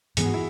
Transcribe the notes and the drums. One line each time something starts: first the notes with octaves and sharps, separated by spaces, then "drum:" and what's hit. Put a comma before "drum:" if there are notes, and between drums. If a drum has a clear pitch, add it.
G#2 E3 B3 G#4, drum: hi-hat
F#4
E4